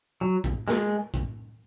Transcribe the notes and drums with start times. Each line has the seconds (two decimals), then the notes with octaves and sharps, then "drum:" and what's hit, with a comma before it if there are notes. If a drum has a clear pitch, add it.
0.21 F#3
0.44 drum: kick
0.68 G#3, drum: snare
1.14 drum: kick